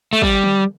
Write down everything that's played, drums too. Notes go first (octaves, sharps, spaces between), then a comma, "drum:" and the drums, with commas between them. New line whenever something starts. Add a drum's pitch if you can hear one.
A3
G3, drum: kick
drum: tom D3